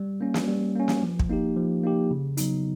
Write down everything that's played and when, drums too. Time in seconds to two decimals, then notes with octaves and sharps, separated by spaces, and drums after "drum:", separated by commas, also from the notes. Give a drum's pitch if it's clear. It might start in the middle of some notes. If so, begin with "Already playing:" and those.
Already playing: G3
0.21 A#3 C#4
0.34 drum: snare
0.48 G3
0.75 A#3 C#4
0.88 drum: snare
1.03 F3
1.19 drum: kick
1.30 A#3 D#4 G4
1.56 F3
1.84 A#3 D#4 G4
2.11 C#3
2.37 F#3 B3 D#4, drum: hi-hat